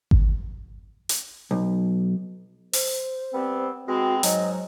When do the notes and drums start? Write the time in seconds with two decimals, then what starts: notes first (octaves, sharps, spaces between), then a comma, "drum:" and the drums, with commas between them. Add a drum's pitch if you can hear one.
0.11 drum: kick G#1
1.09 drum: hi-hat
1.51 B1
2.73 C5, drum: open hi-hat
3.34 G3 B3 C4
3.87 G#3 B3 C4 F#4
4.23 G#2 F#3 D#5, drum: hi-hat